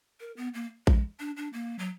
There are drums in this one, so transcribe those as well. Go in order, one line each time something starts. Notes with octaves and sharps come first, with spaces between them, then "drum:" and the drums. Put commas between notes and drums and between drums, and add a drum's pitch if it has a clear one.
A#4
B3
A#3
G#3, drum: kick A1
D4
D4
A#3
F#3